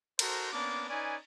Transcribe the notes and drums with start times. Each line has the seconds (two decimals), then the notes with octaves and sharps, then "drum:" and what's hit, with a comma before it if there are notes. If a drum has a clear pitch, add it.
0.19 D#4 F#4 A4 A#4 C5, drum: cymbal
0.52 A#3 B3 C#4 D4 A5 D6
0.89 C#4 D#4 B4 D5 G#5